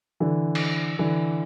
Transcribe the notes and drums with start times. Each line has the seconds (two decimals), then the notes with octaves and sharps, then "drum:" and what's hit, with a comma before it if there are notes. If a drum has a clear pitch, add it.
0.20 D3 E3
0.55 drum: cymbal
0.99 D3 E3